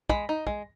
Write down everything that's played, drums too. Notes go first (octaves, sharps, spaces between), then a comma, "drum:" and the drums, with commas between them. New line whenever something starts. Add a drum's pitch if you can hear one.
G#3 B5, drum: kick
D#4
G#3, drum: kick